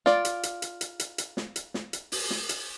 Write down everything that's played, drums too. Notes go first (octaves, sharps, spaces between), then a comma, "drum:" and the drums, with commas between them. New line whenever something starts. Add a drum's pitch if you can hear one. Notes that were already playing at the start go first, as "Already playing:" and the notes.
F4 D5, drum: snare
drum: hi-hat
drum: hi-hat
drum: hi-hat
drum: hi-hat
drum: hi-hat
drum: hi-hat
drum: snare
drum: hi-hat
drum: snare
drum: hi-hat
drum: open hi-hat
drum: snare
drum: hi-hat